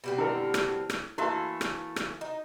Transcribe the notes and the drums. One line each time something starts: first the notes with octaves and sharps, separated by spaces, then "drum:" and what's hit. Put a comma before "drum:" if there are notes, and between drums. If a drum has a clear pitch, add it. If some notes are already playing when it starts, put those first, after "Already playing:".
B2 G3 C4
D3 E4 A4 A#4
drum: rim click
drum: rim click
E3 A3 A#3 E4 F#4 A4 E5 A5
drum: rim click
drum: rim click
D#4